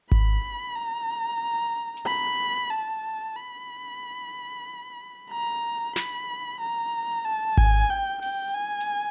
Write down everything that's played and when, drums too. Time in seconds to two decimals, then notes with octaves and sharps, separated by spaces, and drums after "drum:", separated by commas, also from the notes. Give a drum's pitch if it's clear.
0.12 B5, drum: kick G#1
0.76 A#5
1.97 drum: hi-hat
2.06 B5
2.71 A5
3.36 B5
5.31 A#5
5.96 B5, drum: snare
6.60 A#5
7.25 A5
7.57 G#5, drum: kick G#1
7.90 G5
8.22 G5, drum: open hi-hat
8.55 G#5
8.80 drum: hi-hat